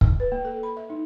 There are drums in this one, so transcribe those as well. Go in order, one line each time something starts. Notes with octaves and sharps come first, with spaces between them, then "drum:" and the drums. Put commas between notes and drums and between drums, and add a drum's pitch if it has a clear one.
drum: kick
B4
A#3
A4
B5
E5
D#4